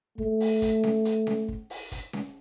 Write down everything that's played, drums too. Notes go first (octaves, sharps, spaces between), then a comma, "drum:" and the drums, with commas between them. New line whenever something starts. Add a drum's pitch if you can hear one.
A3, drum: kick
drum: open hi-hat
drum: kick, hi-hat
drum: snare C#4
drum: hi-hat
drum: snare C#4
drum: kick
drum: open hi-hat
drum: kick, hi-hat
drum: snare C#4